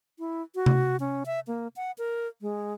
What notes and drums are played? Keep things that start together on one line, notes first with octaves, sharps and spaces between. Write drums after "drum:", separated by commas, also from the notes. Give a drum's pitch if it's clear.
E4
F#4
drum: tom C3
C#4
E5
A#3
F#5
A#4
G#3